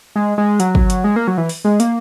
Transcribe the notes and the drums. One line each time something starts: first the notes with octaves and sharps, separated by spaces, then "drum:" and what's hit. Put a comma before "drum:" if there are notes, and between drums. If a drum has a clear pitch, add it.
G#3
G#3
F#3, drum: hi-hat
drum: kick
drum: hi-hat
G#3
A#3
F#3
E3
drum: open hi-hat
G#3
A#3, drum: hi-hat